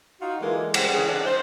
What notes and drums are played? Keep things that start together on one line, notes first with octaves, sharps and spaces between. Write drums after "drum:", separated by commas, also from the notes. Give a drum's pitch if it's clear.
D#4 F4 F#4
D3 E3 G#3 A#3
C#3 G3 G#3 C5 F#5, drum: cymbal
D3 E3 C#4 G#4
C3 G#3 D4
C5